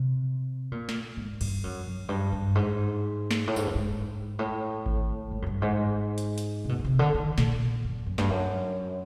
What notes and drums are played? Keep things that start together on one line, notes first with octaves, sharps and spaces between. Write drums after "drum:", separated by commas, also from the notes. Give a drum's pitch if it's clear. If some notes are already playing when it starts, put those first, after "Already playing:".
Already playing: C3
A#2
drum: snare
G#2
G2, drum: cymbal
F#2
F#2
G2
G2
G#2
drum: snare
A2
G#2, drum: tambourine
G2
G#2
A2
drum: kick G#1
G#2
F#2
G2
G#2
drum: hi-hat
drum: hi-hat
C3
B2
B2
C3
D3
D#3
A#2, drum: snare
F#2
F#2
G2, drum: snare
F#2